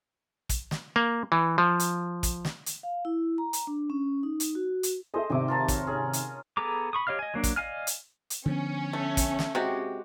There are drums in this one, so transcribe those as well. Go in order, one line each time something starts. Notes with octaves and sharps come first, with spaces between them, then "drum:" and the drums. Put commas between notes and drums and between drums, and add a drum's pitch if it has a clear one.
drum: kick, hi-hat
drum: snare
A#3
E3
F3
drum: hi-hat
drum: kick, hi-hat
drum: snare
drum: hi-hat
F5
E4
A#5
drum: hi-hat
D4
C#4
D#4
drum: hi-hat
F#4
drum: hi-hat
G#4 A4 C5 D#5 E5
G#1 C3 E5 G#5 D6
F4 A#4 A5
C#5, drum: kick, hi-hat
C#4 G#4
drum: hi-hat
B3 G#4 A4 A#5 D6
B5 C#6 D#6
G4 C#5 D#5 F5 F6
D#5 G#5
F#3 A#3 D4
drum: kick, hi-hat
D5 D#5 F5 G#5 F6
drum: hi-hat
drum: hi-hat
D3 F3 B3 C#4
A3
drum: kick, hi-hat
drum: snare
C3 G#3 F#4 G4